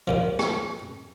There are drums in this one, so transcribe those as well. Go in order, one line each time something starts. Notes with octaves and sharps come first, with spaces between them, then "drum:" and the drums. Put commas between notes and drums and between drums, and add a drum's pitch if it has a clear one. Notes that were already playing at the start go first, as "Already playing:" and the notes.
D#2 A#2 F3
drum: rim click